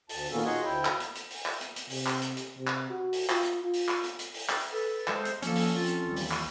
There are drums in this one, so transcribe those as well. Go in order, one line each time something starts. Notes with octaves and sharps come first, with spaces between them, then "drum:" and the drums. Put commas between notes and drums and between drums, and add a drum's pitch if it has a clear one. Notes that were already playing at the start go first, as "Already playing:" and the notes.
D2 A5, drum: open hi-hat
A#2 D#3 A#3 B3 C#4 A4
D#4 F4 F#4 G#4 C#5 D#5
D2 E4 G5
drum: clap
drum: hi-hat
drum: hi-hat
drum: open hi-hat
drum: clap
drum: hi-hat
drum: hi-hat
C3, drum: open hi-hat
drum: clap
drum: hi-hat
drum: hi-hat
C3
drum: clap
F#4
drum: open hi-hat
F4, drum: clap
drum: hi-hat
F4
drum: open hi-hat
drum: clap
drum: hi-hat
drum: hi-hat
drum: open hi-hat
drum: clap
A4 B4
G#3 A4 C5, drum: clap
drum: hi-hat
D3 F3 A#3 C#4 A4, drum: hi-hat
drum: open hi-hat
C4 F4
drum: hi-hat
D#2 E3 G3
drum: open hi-hat
drum: clap